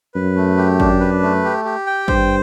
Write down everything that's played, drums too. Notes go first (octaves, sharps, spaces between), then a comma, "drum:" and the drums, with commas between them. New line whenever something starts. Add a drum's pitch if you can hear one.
F#2 B4
A3
G4
D4, drum: kick G#1
B4
A3
G4
G4
G5
G2 C5, drum: kick G#1